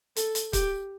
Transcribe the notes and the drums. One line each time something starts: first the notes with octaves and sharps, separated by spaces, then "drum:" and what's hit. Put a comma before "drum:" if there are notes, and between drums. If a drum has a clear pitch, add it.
A4, drum: hi-hat
drum: hi-hat
G4, drum: kick, hi-hat